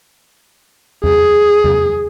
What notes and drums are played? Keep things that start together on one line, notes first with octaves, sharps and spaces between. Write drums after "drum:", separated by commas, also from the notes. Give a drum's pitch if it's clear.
G#4, drum: tom E2
drum: tom E2